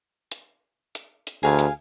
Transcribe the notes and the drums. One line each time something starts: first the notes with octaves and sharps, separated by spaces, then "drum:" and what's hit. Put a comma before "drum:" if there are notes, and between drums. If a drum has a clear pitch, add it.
drum: hi-hat
drum: hi-hat
drum: hi-hat
D2 G#4 F5 G#5
drum: hi-hat